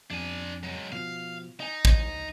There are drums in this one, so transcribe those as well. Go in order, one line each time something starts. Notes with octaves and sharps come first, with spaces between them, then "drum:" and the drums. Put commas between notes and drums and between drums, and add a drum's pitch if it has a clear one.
F2 D4 G#5
F#3 G#3
B2 F3 F5
D#4 D#5 G#5
drum: kick